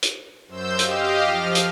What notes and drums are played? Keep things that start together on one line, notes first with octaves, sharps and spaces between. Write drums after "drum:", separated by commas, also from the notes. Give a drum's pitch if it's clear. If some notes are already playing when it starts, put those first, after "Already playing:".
drum: hi-hat
F#2 C5 E6 G6
G4 D#5 F5, drum: hi-hat
F3 F6
drum: hi-hat